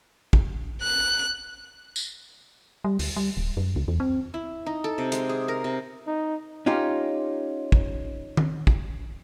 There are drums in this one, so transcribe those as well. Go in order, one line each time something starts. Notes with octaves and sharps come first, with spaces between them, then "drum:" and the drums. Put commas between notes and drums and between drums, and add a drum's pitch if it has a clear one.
drum: kick
F#6
drum: tambourine
G3
D2, drum: open hi-hat
G3
D1
F#2
C#2
E2
C4
E4
D#4
A4
C3
G#3, drum: hi-hat
G#4
A#4
C3
D#4
C#4 D#4 F4 G4
drum: kick
drum: tom D#3
drum: kick